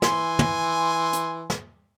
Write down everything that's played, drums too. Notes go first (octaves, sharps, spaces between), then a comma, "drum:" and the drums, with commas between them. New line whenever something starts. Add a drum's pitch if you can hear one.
E3 G#5 C6, drum: snare
drum: tom
drum: hi-hat
drum: snare